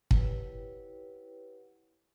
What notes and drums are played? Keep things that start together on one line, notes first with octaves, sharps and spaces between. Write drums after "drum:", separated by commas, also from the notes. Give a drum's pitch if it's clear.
E4 G4 B4 C#5 F#5 G5, drum: kick